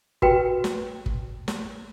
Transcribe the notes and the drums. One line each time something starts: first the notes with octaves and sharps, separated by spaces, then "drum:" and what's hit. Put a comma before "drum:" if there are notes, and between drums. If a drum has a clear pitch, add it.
F#4 B4 G5, drum: kick
drum: snare
drum: kick
drum: snare